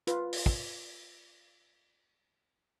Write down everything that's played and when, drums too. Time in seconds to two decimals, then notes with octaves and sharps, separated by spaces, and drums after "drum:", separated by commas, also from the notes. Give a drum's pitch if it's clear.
0.07 F4 B4, drum: hi-hat
0.33 drum: open hi-hat
0.46 drum: kick